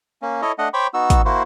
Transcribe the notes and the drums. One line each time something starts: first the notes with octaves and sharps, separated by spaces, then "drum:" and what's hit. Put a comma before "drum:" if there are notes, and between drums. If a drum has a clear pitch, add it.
A#3 C#4
E4 A4 C#5 D#5
A3 D4 D#5 F#5
C5 C#5 G5 B5 C#6 D6
B3 D#4 F#4 E6
drum: kick, hi-hat
A#3 E4 F#4 C5